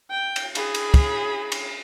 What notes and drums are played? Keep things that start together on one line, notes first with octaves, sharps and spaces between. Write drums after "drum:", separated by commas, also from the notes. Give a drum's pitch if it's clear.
G5
drum: cymbal
G#4 B5, drum: cymbal
drum: cymbal
drum: kick, cymbal
drum: cymbal